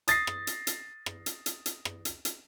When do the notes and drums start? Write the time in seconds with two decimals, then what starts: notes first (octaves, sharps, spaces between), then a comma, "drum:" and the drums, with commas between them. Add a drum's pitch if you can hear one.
0.08 D#6 A6 A#6 C7, drum: hi-hat
0.27 drum: rim click
0.47 drum: hi-hat
0.67 drum: hi-hat
1.06 drum: rim click
1.26 drum: hi-hat
1.46 drum: hi-hat
1.66 drum: hi-hat
1.85 drum: rim click
2.05 drum: hi-hat
2.25 drum: hi-hat